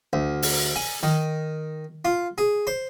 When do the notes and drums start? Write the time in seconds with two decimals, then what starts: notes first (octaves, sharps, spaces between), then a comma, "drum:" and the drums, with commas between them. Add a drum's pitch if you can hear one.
0.13 D2
0.42 drum: open hi-hat
0.76 G#5
1.03 D#3
2.05 F4
2.38 G#4
2.67 C5